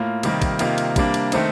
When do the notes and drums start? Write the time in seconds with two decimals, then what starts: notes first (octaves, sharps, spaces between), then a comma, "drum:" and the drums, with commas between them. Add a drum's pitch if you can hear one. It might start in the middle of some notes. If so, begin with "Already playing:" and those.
Already playing: A2 A#3 F4
0.23 C3 D#3 G3 A#3, drum: cymbal
0.42 drum: kick, cymbal
0.59 C3 D#3 A#3 F4, drum: cymbal
0.78 drum: cymbal
0.96 C3 G3 A#3 D4, drum: kick, cymbal
1.14 drum: cymbal
1.32 D#3 A3 C4 D#4, drum: cymbal